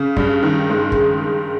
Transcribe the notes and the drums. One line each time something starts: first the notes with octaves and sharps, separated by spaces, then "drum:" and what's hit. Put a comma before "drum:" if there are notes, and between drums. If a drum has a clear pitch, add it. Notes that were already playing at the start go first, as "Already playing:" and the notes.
Already playing: C#3
G2, drum: kick
D#3
G#3
drum: kick